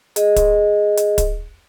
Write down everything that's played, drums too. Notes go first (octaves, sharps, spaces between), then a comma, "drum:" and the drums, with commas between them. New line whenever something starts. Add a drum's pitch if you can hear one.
G#4 D#5, drum: hi-hat
drum: kick, hi-hat
drum: hi-hat
drum: kick, hi-hat